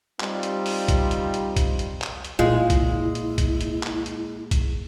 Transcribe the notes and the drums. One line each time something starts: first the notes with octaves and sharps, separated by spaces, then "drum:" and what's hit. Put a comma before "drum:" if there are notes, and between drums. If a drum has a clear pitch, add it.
G3 C4 D#4 F4, drum: clap
drum: hi-hat
drum: open hi-hat
drum: kick, hi-hat
drum: hi-hat
drum: hi-hat
drum: kick, hi-hat
drum: hi-hat
drum: clap
drum: hi-hat
A#2 G#3 E4 F4
drum: kick, hi-hat
drum: hi-hat
drum: kick, hi-hat
drum: hi-hat
drum: clap
drum: hi-hat
drum: kick, hi-hat